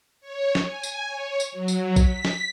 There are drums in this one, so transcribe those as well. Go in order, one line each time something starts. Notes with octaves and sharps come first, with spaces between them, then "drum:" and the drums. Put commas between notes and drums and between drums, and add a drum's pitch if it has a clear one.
C#5
drum: snare
G#5
drum: tambourine
C#5
drum: tambourine
F#3
drum: tambourine
B6, drum: kick A#1, tambourine
drum: snare